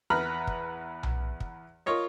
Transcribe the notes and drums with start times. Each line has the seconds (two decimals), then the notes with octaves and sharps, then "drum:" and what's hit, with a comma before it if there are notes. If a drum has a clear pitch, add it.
0.10 E2 B4 A#5 B5 F6
0.47 drum: kick
1.03 drum: tom B1
1.40 drum: kick
1.86 F4 A#4 C#5 D#5